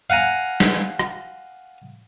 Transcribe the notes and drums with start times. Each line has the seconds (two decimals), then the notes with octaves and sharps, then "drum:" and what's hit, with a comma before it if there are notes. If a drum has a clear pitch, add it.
0.10 F5 F#5 G#5 A#5
0.60 drum: snare
0.99 drum: rim click